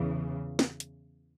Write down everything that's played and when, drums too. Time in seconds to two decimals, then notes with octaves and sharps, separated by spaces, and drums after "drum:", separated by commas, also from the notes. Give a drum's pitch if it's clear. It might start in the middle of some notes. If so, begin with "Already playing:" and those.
Already playing: E2 C#3 E3
0.59 drum: snare
0.80 drum: hi-hat